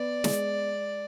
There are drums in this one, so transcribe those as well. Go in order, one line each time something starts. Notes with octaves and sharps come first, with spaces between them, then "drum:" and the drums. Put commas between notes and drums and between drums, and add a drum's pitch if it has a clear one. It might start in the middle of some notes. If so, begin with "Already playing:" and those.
Already playing: B3 D5
G#3, drum: snare